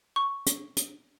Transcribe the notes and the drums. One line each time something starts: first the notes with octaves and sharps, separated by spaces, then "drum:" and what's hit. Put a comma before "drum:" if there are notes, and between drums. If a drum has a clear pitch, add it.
C#6
drum: hi-hat
drum: hi-hat